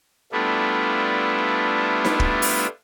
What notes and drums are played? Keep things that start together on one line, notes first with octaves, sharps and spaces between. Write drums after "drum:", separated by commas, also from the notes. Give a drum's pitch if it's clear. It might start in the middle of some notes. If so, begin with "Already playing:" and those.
G3 A3 B3 D4 E4 F4
drum: snare D#4
drum: kick
drum: open hi-hat